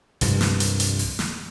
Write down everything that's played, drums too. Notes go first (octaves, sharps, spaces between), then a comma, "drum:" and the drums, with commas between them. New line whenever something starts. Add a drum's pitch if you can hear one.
C2 G2 F3, drum: hi-hat
drum: snare
drum: hi-hat
drum: hi-hat
drum: open hi-hat
drum: snare